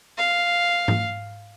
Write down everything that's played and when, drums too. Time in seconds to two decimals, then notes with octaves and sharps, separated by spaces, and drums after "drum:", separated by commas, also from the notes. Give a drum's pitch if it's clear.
0.18 F5
0.88 drum: tom G#2